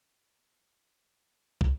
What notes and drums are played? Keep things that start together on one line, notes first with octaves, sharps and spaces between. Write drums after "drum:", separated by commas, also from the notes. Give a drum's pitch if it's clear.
A3
A#3
A3
A#3
C4
C#4
drum: kick